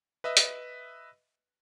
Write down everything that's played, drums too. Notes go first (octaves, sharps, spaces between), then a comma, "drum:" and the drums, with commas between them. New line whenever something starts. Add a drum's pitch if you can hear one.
B4 D#5 E5
drum: hi-hat